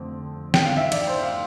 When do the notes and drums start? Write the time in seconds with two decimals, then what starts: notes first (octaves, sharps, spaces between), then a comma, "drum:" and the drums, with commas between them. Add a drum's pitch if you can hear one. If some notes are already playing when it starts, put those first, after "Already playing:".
Already playing: F2 D3 A3 C4
0.54 G5, drum: snare
0.66 F5
0.77 E5
0.92 D5, drum: cymbal
1.07 C5
1.22 F5